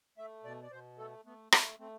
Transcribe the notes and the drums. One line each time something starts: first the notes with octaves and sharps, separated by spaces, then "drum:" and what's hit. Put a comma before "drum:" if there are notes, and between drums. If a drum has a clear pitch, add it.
A3 E5
B2 D5
D5
B2 C5
A3 A4
A3 B3
A3 C4, drum: rim click
A3 C4